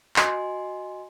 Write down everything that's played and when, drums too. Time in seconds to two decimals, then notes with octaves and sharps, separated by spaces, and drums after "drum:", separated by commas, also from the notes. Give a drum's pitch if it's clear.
0.16 F#4 D#5 G#5 C6, drum: clap